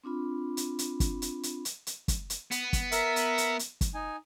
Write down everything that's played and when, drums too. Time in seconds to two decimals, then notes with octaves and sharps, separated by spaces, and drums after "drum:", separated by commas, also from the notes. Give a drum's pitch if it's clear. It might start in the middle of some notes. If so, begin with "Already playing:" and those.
0.04 C4 D4 F4 B5
0.57 drum: hi-hat
0.79 drum: hi-hat
1.00 drum: kick, hi-hat
1.22 drum: hi-hat
1.43 drum: hi-hat
1.65 drum: hi-hat
1.87 drum: hi-hat
2.08 drum: kick, hi-hat
2.30 drum: hi-hat
2.51 B3, drum: hi-hat
2.73 drum: kick, hi-hat
2.92 A#4 E5, drum: hi-hat
3.16 drum: hi-hat
3.38 drum: hi-hat
3.59 drum: hi-hat
3.81 drum: kick, hi-hat
3.94 D#4 G#5